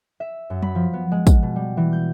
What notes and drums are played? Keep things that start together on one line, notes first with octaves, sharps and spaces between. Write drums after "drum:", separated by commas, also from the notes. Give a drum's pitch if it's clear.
E5
F#2
B5, drum: tom F#3
F3
B3
G#3
drum: kick, tambourine
B2
G3
E3
G6